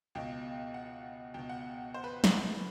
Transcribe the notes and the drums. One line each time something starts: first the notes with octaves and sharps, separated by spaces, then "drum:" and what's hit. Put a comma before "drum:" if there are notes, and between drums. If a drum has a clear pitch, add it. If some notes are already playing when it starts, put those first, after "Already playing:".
C#2 B2 G5
F#5
C#2 B2 G5
F#5
C5
B4
A4, drum: snare